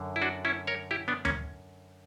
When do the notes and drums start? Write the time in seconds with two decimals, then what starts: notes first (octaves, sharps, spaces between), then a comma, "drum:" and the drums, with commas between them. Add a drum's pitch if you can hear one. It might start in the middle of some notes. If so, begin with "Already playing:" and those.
Already playing: F#2 D3
0.16 E4
0.22 D4 F#4
0.45 C#4 E4
0.67 A#4 C#5
0.91 E4 G4
1.08 B3 D4
1.25 A#3 C#4, drum: tom D2